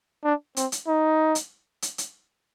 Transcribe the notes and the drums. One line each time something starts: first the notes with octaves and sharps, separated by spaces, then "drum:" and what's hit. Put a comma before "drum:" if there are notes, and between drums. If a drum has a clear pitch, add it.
D4
C4, drum: hi-hat
drum: hi-hat
D#4
drum: hi-hat
drum: hi-hat
drum: hi-hat